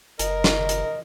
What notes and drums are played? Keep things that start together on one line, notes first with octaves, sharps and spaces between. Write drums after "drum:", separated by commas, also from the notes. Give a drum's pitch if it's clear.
F#1 A#4 D#5, drum: hi-hat
drum: snare
drum: hi-hat